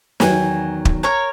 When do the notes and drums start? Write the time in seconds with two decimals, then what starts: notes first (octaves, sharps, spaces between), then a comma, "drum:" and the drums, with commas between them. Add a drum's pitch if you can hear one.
0.20 E2 D#3 F#3 G#5, drum: snare
0.85 drum: kick
1.03 A#4 C#5 A#5